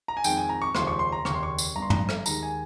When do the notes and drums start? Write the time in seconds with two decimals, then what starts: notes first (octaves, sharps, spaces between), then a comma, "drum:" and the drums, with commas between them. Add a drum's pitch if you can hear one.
0.08 A#5
0.17 G#5
0.24 F2 D#3 G#3 G5, drum: tambourine
0.37 G#5
0.49 A#5
0.62 C#6
0.75 F1 D#2 C#3 F3 G#3 C6, drum: rim click
0.87 C#6
0.99 C6
1.12 A#5
1.25 F1 D#2 C#3 C#6, drum: rim click
1.34 C6
1.43 C#6
1.58 drum: tambourine
1.75 G1 G2 G3 A#5
1.82 C6
1.90 A#5, drum: tom
2.09 drum: rim click
2.26 D#2 D#3 G#3 A#5, drum: tambourine
2.43 G#5